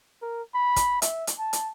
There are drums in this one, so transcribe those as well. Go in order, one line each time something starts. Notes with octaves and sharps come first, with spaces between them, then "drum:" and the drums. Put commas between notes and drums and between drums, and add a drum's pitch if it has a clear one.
A#4
B5
drum: kick, hi-hat
E5, drum: hi-hat
drum: hi-hat
A5
drum: hi-hat